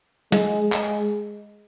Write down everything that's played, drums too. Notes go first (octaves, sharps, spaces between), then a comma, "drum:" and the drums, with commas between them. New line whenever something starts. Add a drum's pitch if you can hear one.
G#3, drum: snare
G#3, drum: clap